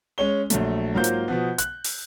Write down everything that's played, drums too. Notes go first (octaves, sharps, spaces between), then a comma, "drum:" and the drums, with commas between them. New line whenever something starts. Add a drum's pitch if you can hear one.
G#3 C#4 C#5 G7
A#1 F#3 A3, drum: hi-hat
G#2 F#3 A#3 F4 C5 G6
drum: hi-hat
B2 F3 B3
F#6, drum: hi-hat
drum: open hi-hat